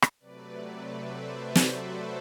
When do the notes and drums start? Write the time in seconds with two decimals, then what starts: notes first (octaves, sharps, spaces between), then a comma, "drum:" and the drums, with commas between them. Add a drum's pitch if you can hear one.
0.02 drum: rim click
0.19 C3 F#3 A3 B4 D5
0.57 B4 D5
0.94 C5 E5
1.31 F#4 A4
1.55 drum: snare
1.69 F#4 A4